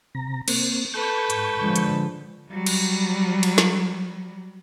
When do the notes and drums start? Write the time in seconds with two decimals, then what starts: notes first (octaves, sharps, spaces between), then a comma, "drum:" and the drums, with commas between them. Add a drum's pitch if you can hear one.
0.15 C3 A#5
0.48 A#3 C4, drum: cymbal
0.94 A4 B4 C#6 G6
1.30 G#2, drum: hi-hat
1.60 D3 F3 G#3
1.76 drum: hi-hat
2.50 F#3 G3
2.66 drum: cymbal
3.43 drum: cymbal
3.58 drum: snare